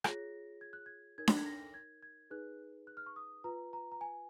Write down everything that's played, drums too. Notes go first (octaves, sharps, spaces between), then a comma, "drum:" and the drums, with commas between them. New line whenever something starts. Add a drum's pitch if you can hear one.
F4 G#4 C#5 A#6, drum: rim click
G#6
F#6
G#6
D#4 A#4 C#5 G#6
F#6, drum: snare D4
G#6
A#6
G#6
G#6
D#4 G#4 B4 F#6
F#6
F6
C#6
D#6
F4 B4 A#5
A#5
A#5
G#5